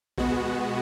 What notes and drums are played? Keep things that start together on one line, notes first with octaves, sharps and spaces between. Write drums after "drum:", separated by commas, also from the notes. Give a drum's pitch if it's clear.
B2 G#3 B3 F#4, drum: kick